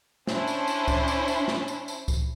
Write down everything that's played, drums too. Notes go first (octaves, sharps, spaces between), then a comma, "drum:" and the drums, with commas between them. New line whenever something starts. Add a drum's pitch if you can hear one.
C#4 D4 E4 C5, drum: snare
drum: tambourine
drum: tambourine
drum: kick C#2, tambourine
drum: tambourine
drum: tambourine
drum: snare
drum: tambourine
drum: tambourine
drum: kick C#2, tambourine